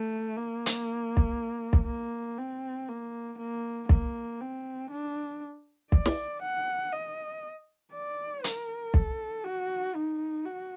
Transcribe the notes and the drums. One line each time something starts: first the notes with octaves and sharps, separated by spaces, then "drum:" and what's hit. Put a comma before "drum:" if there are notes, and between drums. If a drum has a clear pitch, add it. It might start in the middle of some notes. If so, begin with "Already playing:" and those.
Already playing: A3
A#3
drum: hi-hat
drum: kick
drum: kick
A#3
C4
A#3
A#3
A#3, drum: kick
C4
D4
D5, drum: kick
drum: snare
F#5
D#5
D5
A#4, drum: hi-hat
A4, drum: kick
F#4
D#4
F#4